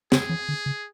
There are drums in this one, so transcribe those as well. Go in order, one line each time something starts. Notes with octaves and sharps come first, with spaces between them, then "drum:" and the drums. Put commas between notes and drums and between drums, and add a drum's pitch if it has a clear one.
C#3 G#4, drum: snare
E3
D3
C#3